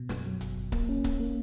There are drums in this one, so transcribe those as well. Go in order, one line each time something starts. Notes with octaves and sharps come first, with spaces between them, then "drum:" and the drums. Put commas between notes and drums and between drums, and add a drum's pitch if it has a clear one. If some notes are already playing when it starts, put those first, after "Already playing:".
Already playing: B2
F#2, drum: snare
F#3
G1, drum: hi-hat
G1
A#3, drum: kick C#1
C#4
A#3, drum: kick C#1, hi-hat
A#3